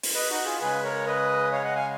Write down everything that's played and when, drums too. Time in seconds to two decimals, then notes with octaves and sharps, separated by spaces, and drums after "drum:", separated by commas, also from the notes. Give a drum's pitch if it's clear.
0.03 drum: open hi-hat
0.14 B4 D#5
0.30 D#4 F#4
0.45 F4 G#4
0.60 C#3 G#3 G#4 B4
0.84 A#4 C#5
1.07 B4 D#5
1.52 C#5 F5
1.64 D#5 F#5
1.75 F5 G#5